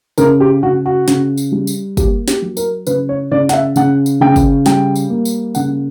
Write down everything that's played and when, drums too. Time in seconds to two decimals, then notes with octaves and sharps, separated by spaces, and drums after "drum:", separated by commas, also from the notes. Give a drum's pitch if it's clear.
0.18 C#3 A#4, drum: tambourine
0.40 G4
0.63 C#3 F#4
0.86 F#4
1.08 C#3, drum: snare
1.37 drum: tambourine
1.52 G3
1.67 drum: tambourine
1.97 A#3 G4, drum: kick, tambourine
2.28 G4, drum: snare
2.42 F#3
2.57 A#4, drum: tambourine
2.87 C#3 B4, drum: tambourine
3.09 C#5
3.31 C#3 D5
3.49 F#5, drum: snare
3.53 E5
3.76 C#3 F#5, drum: tambourine
4.06 drum: tambourine
4.21 C#3 G5
4.36 drum: kick, tambourine
4.66 G3 G5, drum: snare
4.96 drum: tambourine
5.10 A#3
5.25 drum: tambourine
5.55 C#3 F#5, drum: tambourine